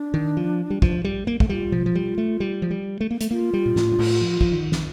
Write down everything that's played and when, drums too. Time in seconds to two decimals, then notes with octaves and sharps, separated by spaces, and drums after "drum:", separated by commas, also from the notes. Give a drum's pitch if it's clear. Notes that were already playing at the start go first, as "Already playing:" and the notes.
Already playing: D4
0.14 D#3
0.37 F3
0.70 G3
0.82 F3, drum: kick
1.04 G3
1.27 A#3
1.40 A3, drum: kick
1.49 G3 F4
1.72 F3, drum: tom B2
1.86 F3
1.95 G3
2.18 A3
2.40 G3
2.62 F3
2.71 G3
3.01 A3
3.11 A#3
3.21 A3, drum: hi-hat
3.31 A#3 F4
3.54 G3
3.66 A#2
3.76 A2, drum: snare
3.92 G2
3.99 A2, drum: cymbal
4.21 F3
4.41 F3, drum: kick
4.52 D#3
4.72 drum: snare